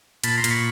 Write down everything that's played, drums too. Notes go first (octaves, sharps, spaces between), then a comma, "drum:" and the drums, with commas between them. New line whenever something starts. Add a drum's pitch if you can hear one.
A#2 A5 B5, drum: hi-hat
A#5 C6
A#2, drum: hi-hat
B5 C#6